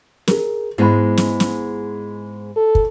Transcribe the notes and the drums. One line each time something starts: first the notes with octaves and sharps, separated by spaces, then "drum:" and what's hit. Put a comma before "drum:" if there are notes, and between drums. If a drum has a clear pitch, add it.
G#4 A#4, drum: snare
G#2 G#3 B3 E4 B5
drum: snare
drum: snare
A4
drum: kick